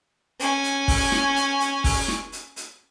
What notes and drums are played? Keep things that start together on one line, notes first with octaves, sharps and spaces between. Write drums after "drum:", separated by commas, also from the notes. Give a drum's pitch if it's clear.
C#4 G#5, drum: hi-hat
drum: hi-hat
drum: kick, open hi-hat
drum: snare
drum: hi-hat
drum: hi-hat
drum: kick, open hi-hat
drum: snare
drum: hi-hat
drum: hi-hat